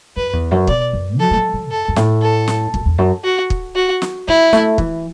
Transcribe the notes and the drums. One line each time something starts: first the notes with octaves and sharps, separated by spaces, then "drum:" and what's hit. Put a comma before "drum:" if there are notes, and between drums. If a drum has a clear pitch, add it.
F#2 B4
E2
F#2
B2 D5, drum: kick
F#2
F#3 A4
A3
F#3
F#3
F#2 A4
F#2
A2, drum: snare
A4
drum: snare
F#2, drum: kick
E2
F#2
F#4
drum: kick
F#4
drum: snare
F#3 E4
A3, drum: snare
E3, drum: kick